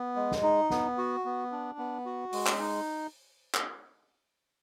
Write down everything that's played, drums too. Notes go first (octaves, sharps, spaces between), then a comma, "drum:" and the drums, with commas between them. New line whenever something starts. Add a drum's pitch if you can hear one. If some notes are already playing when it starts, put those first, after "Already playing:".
Already playing: B3
G#3
drum: snare
D#4
B3, drum: snare
F#4
B3
D4
B3
F#4
G#3, drum: open hi-hat
drum: clap
D#4
drum: clap